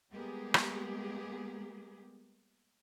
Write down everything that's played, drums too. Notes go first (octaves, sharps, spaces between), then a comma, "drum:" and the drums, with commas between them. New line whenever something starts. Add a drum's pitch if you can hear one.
G3 G#3 A#3 B3 G4 G#4
drum: rim click